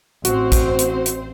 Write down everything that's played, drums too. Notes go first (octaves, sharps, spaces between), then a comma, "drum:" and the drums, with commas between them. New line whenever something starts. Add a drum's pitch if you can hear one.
A1 C4 F#4 C5, drum: hi-hat
drum: kick, hi-hat
drum: hi-hat
drum: hi-hat